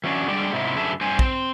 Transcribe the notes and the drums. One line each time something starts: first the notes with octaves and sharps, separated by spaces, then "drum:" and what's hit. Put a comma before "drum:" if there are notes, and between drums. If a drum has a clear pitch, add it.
E3 F#3 C#4 D4
D3 G3 G#3 D4 D5 G5
G#2 C3 C4 D#4 E4
F#2 D3 G#4 B4 E5 A5
G2 C4 C5 G#5
C4, drum: kick